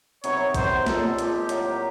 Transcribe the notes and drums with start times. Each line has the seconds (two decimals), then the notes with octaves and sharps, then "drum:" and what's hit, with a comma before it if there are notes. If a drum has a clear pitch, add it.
0.24 C3 D#3 F#3 B3 C#5, drum: hi-hat
0.54 C3 D#3 F#3 B3 C5, drum: kick A#1, hi-hat
0.86 A#2 F3 G#3 A4, drum: snare
1.19 A#2 F3 G#3 G4, drum: hi-hat
1.49 A2 F#3 A#3, drum: hi-hat